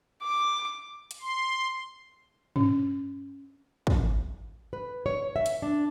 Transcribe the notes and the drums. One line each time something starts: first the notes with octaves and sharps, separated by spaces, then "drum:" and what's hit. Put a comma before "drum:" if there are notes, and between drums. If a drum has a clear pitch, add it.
D6
drum: hi-hat
C6
C#4, drum: tom G2
drum: kick
B4
C#5
E5
drum: hi-hat
D4